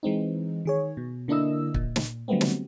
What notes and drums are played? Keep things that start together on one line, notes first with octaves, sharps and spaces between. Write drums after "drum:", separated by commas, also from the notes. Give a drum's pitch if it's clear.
E3 G#3 C4 D#4
D#3 G#4 C#5
B2
D3 A#3 D4 E4 D#5 E6
A#2, drum: kick
drum: snare
D3 F#3 G3 A3 B3 C4
drum: snare